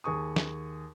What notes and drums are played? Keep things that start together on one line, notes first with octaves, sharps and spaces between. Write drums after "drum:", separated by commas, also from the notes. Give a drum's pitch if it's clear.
D#2 G#4 C#6 D#6
drum: snare